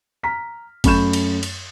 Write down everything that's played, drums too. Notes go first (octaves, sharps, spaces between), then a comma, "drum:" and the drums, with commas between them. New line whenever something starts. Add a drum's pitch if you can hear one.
A#5 F6 B6
F#2 A3 B5 C#6 G6 E7, drum: kick, cymbal
drum: cymbal
drum: cymbal